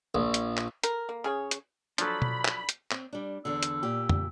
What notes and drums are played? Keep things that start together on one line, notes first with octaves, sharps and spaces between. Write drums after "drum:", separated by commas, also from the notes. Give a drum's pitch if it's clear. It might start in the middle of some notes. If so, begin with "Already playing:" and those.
A#1
drum: hi-hat
drum: clap
A#4, drum: hi-hat
A#3
C#3 G#4 C#5
drum: hi-hat
F3 F#3 D4 A4 B5, drum: hi-hat
drum: tom B2
drum: clap
drum: hi-hat
C4, drum: clap
G3 D4
E2 D3 E6
drum: hi-hat
A#2 G4
drum: tom